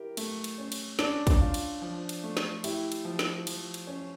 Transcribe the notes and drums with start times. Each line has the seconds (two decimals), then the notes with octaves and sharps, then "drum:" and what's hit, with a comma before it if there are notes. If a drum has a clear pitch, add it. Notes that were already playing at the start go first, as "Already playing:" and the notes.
Already playing: E4 G4 A#4
0.17 A3, drum: cymbal
0.44 drum: cymbal
0.58 C#4
0.72 drum: cymbal
0.99 C#4 D4, drum: snare
1.27 drum: kick, cymbal
1.41 F4
1.54 drum: cymbal
1.82 F3
2.09 drum: cymbal
2.23 A3
2.37 drum: snare
2.64 E4 G4, drum: cymbal
2.92 drum: cymbal
3.05 F3
3.19 drum: snare
3.47 F3, drum: cymbal
3.74 drum: cymbal
3.87 C#4